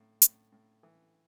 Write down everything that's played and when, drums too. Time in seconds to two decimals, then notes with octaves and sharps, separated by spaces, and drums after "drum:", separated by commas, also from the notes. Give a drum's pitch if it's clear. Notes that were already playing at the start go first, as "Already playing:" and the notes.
Already playing: A2
0.22 A2, drum: hi-hat
0.52 A2
0.83 E3